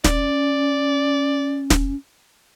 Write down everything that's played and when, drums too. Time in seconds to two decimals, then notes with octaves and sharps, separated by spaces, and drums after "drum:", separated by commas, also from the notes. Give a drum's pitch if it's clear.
0.04 C#4 D5, drum: snare
1.70 drum: snare